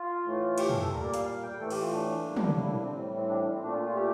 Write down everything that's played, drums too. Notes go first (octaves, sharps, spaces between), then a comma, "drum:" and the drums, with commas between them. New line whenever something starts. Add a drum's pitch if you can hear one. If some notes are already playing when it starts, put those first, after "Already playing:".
Already playing: F4
A2 E3 A3
G4, drum: cymbal
A4, drum: tom
A4
A#2 G3 A#3 A#4
D5
F5, drum: hi-hat
F5
G5
A2 E3 A3 A4
G4, drum: cymbal
F4
D4
A2 G3 A#3
drum: tom
E4
D4
C4
A2 E3 G3
C4
D4
C4
A#2 A3 D4
F4
F4
G4